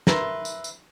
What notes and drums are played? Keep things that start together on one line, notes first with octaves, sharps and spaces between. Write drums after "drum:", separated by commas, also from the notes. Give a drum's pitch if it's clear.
A#4 B4 E5 C6, drum: snare
drum: tambourine
drum: tambourine